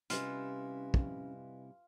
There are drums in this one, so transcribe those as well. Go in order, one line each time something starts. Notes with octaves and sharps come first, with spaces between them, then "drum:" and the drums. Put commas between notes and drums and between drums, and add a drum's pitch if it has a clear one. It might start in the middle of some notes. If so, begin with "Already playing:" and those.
C3 G3 C#4 E4 F4 B4 D#5 G#5, drum: hi-hat
drum: kick